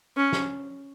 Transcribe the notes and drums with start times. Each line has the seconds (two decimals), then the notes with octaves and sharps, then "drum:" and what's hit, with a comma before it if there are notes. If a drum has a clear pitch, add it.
0.17 C#4
0.33 drum: snare